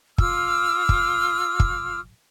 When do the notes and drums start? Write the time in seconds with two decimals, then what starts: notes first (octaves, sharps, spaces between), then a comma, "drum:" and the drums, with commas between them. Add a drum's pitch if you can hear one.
0.18 F4 D6 E6 F6, drum: kick
0.89 drum: kick
1.60 drum: kick